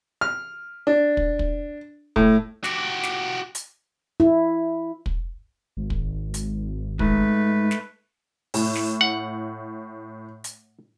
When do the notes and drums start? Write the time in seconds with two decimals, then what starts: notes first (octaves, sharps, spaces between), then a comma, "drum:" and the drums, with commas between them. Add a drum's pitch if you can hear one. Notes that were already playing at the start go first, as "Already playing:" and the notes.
0.21 F6
0.87 D4
1.17 drum: kick
1.39 drum: kick
2.16 A2, drum: kick
2.64 F#4 G4 D6, drum: snare
3.03 drum: snare
3.55 drum: hi-hat
4.20 E4
5.06 drum: kick
5.77 G#1
5.90 drum: kick
6.34 drum: hi-hat
6.99 G#2 A3 B4, drum: kick
7.71 drum: snare
8.54 A2, drum: open hi-hat
8.75 drum: snare
9.01 F#5
10.44 drum: hi-hat